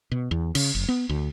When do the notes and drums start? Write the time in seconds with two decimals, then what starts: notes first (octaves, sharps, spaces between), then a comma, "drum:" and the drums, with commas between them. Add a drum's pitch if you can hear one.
0.12 B2
0.31 E2
0.55 C#3, drum: cymbal
0.75 F#1
0.89 B3
1.09 D2